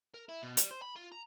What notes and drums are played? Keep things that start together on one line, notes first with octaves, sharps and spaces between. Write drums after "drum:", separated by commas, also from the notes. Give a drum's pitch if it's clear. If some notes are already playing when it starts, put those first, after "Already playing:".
A#4
E4
B2
G3, drum: hi-hat
C5
B5
F4
A#5